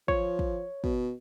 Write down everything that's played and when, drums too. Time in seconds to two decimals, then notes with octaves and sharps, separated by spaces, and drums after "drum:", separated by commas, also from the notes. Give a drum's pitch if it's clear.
0.08 F3 C#5, drum: kick
0.39 drum: kick
0.84 B2, drum: kick